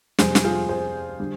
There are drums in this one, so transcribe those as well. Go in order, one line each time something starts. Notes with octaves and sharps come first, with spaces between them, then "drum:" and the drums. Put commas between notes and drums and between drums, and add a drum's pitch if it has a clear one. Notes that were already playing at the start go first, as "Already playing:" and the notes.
F2 C3 G3 G#4 C5, drum: snare
drum: snare
F4 G#4
G#4 C5
D3 G3